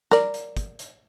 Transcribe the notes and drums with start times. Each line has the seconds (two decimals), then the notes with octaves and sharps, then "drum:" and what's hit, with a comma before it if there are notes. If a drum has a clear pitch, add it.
0.11 A#4 D5, drum: snare
0.34 drum: hi-hat
0.57 drum: kick, hi-hat
0.79 drum: hi-hat